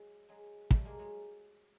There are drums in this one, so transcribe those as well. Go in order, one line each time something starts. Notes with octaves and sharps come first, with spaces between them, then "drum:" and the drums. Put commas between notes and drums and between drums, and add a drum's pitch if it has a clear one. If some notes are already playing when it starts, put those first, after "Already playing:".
Already playing: F#3 G#3
F#3 G#3
G3 A3, drum: kick
G#3 A#3
F#3 G#3